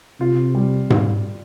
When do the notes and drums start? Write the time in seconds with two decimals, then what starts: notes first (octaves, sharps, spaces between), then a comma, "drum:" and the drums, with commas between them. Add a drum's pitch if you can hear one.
0.20 C3 F4
0.55 G3
0.90 drum: tom G#2